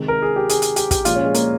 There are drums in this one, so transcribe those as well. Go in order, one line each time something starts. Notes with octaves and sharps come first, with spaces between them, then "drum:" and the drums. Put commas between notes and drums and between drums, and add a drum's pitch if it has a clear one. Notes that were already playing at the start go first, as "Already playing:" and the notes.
Already playing: C3 D#3 G#3
A#4
G#4
G4
G#4, drum: hi-hat
drum: hi-hat
G4, drum: hi-hat
G4, drum: kick, hi-hat
A#2 F3 G#3 F4, drum: hi-hat
C#4
G#3
A#3, drum: hi-hat